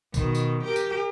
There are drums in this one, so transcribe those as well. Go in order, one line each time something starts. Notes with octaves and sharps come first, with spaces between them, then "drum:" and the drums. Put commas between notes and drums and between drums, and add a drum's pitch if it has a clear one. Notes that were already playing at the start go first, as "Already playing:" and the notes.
B2 D#3, drum: kick A#1, tambourine
drum: tambourine
G4 A#4
drum: tambourine